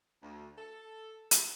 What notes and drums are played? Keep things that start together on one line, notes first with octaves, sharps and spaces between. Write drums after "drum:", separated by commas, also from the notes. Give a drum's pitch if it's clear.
D2
A4
drum: hi-hat